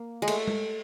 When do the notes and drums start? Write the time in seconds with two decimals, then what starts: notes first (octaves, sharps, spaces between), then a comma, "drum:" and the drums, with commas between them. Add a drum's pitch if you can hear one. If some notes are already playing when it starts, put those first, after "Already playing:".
Already playing: A#3
0.22 G#3
0.28 A3, drum: cymbal
0.48 drum: tom G#3